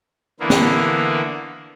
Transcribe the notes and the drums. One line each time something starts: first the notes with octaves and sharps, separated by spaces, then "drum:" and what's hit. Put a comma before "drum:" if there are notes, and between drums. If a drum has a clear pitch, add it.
D3 E3 A#3 B3 E4
drum: snare